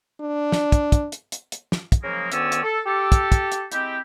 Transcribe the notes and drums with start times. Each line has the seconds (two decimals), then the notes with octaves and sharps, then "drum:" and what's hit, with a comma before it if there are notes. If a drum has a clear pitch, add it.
0.20 D4
0.52 drum: snare
0.72 drum: kick, hi-hat
0.92 drum: kick, hi-hat
1.12 drum: hi-hat
1.32 drum: hi-hat
1.52 drum: hi-hat
1.72 drum: snare
1.92 drum: kick, hi-hat
2.04 C#3 F3 F#3 G#3 A#3
2.32 D2 D#3 B3 C#4 D5 E6, drum: hi-hat
2.52 drum: hi-hat
2.63 A4
2.85 G4 A4
3.12 drum: kick, hi-hat
3.32 drum: kick, hi-hat
3.52 drum: hi-hat
3.72 G#3 C4 E4 G4, drum: hi-hat